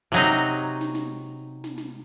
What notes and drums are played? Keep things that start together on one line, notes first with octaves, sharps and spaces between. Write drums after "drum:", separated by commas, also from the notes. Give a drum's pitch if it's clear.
C3 F#3 D#4, drum: snare
drum: snare
drum: snare
drum: snare
drum: snare